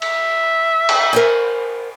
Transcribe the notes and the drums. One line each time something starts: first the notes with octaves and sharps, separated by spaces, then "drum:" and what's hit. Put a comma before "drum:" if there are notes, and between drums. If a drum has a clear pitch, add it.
E5, drum: cymbal
drum: cymbal
A#4 C5 G#5